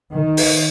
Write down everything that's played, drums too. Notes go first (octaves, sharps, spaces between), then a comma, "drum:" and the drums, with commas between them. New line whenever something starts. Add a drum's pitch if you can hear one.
D#3
drum: open hi-hat